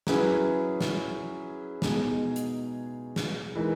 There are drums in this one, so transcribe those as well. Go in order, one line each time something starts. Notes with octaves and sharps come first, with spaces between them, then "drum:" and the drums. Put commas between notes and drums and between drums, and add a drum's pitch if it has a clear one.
F#3 C#4 E4 G#4 B4, drum: snare
drum: snare
B2 G#3 D#4 G#4, drum: snare
drum: hi-hat
drum: snare
E3 G#3 D#4 A#4